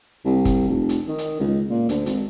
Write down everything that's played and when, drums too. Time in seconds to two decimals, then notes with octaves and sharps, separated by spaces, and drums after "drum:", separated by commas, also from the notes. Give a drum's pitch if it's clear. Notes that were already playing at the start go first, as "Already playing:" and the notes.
0.25 C2
0.45 drum: kick, hi-hat
0.68 F1
0.89 drum: hi-hat
1.08 D#3
1.18 drum: hi-hat
1.40 C#2
1.70 A#2
1.89 D2, drum: hi-hat
2.06 G#1, drum: hi-hat